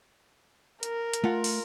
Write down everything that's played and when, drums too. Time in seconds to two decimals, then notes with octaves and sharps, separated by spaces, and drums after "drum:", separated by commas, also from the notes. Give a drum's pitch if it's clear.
0.83 A#4, drum: hi-hat
1.13 drum: hi-hat
1.24 A3 F4 F#5
1.44 drum: open hi-hat